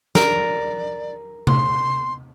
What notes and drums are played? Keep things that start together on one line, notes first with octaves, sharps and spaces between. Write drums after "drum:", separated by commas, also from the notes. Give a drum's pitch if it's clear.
A#4 D5, drum: snare
C6, drum: tom C3